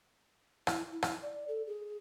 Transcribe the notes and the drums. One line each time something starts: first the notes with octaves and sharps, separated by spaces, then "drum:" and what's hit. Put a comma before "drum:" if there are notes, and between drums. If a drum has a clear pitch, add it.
E4, drum: rim click
E4
drum: rim click
D5
A4
G#4